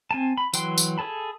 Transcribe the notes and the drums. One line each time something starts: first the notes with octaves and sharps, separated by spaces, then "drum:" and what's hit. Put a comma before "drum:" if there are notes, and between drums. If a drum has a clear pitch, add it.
C4 G#5 A5
B5
E3 F#3 G5 C6, drum: tambourine
drum: tambourine
G#4 A4 A5 B5